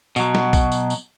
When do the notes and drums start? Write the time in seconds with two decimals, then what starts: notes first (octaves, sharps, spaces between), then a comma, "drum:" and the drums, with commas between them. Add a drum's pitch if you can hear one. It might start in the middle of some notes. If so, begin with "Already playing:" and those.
0.16 B2 F#3, drum: tambourine
0.35 drum: snare
0.53 drum: kick A#1, tambourine
0.72 drum: tambourine
0.90 drum: tambourine